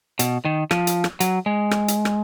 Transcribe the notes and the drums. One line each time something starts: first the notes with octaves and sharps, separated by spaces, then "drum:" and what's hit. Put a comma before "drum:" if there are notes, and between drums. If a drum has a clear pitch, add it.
B2, drum: hi-hat
D#3
F3, drum: rim click
drum: hi-hat
drum: rim click
F#3, drum: hi-hat
G#3
drum: rim click
drum: hi-hat
drum: rim click